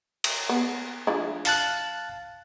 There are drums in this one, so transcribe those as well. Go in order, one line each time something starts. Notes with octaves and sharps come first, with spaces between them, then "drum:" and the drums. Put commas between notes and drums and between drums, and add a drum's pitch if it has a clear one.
drum: cymbal
B3
F3 D4 E4
F5 A5 F#6, drum: open hi-hat